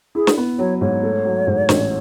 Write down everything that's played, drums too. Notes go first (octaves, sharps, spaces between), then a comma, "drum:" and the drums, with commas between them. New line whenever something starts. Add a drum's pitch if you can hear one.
E4 G#4
drum: snare
B3
F#3 C#5
G#2 C#5
A3
F#3
G#2
A1, drum: snare